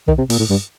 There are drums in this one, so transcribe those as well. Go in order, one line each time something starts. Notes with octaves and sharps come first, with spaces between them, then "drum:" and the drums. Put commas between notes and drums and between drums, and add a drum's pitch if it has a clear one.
D#3, drum: kick
C3
A#2, drum: open hi-hat
A2
G2